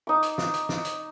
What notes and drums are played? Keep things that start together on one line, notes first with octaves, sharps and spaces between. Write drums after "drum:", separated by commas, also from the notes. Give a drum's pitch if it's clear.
D#4 D6
drum: hi-hat
drum: snare
drum: hi-hat
drum: snare
drum: hi-hat